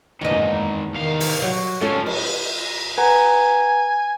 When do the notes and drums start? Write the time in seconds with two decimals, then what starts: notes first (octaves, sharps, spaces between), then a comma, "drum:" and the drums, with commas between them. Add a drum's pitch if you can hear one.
0.21 E2 G#2 D#3 A#3 D#4
0.31 drum: tom F#2
0.94 C2 D#3 F5
1.20 drum: open hi-hat
1.42 F#3 F#4
1.81 G#2 F3 C#4 F4 A4
2.06 drum: cymbal
2.98 B4 F#5 G#5 A#5